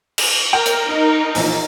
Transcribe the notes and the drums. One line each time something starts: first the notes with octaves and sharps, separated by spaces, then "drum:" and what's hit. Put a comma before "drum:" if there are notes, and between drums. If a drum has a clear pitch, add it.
drum: cymbal
A#4 G5
drum: hi-hat
D#4 D#5
A#1 E3 F3, drum: open hi-hat